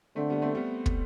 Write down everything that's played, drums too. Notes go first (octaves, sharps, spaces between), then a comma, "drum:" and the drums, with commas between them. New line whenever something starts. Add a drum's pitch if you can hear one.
D3 A3 C4
G3 B3
A3 C4
G3 B3
drum: kick